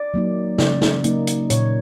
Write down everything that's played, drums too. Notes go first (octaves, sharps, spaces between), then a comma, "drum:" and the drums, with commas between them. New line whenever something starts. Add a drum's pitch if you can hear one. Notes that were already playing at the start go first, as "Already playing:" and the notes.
Already playing: D5
F#3 A#3 D#4
C#3 D5, drum: snare
drum: snare
F#3 A#3 D#4, drum: hi-hat
drum: hi-hat
A#2 C#5, drum: hi-hat